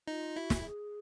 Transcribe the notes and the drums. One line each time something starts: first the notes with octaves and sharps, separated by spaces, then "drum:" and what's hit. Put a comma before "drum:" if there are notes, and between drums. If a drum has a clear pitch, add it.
D#4 F4
E4 F#4
drum: snare
G#4